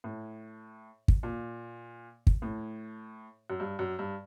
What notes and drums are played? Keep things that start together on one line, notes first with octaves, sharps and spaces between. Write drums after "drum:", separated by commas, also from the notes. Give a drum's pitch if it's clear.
A2
drum: kick
A#2
drum: kick
A2
F#2
G2
F#2
G2